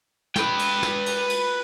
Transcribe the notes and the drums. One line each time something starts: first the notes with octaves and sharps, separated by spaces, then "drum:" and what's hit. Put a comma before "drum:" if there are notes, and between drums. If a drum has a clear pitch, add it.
B4 G5, drum: snare
drum: cymbal
drum: snare
drum: cymbal
drum: cymbal